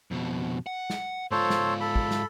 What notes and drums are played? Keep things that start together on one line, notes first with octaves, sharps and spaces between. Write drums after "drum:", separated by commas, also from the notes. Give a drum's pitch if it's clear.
F2 B2
F#5
drum: snare
G#2 F4 A4 C5 C#5
drum: snare
A4 B5
drum: kick
drum: snare